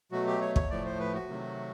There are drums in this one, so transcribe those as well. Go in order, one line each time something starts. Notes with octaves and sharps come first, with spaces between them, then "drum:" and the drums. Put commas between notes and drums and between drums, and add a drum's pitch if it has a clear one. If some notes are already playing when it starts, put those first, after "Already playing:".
B2 F#3 A3 F#4
G4
C#5
C#5, drum: kick
A2 F3 A3 D5
C5
B4
F#4
C3 D#3 F#3 A3